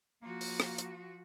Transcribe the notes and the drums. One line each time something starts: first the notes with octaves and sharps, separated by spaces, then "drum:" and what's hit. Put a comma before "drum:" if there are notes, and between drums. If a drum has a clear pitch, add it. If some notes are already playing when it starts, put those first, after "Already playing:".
F3 A#3 F#4
drum: open hi-hat
drum: rim click
drum: hi-hat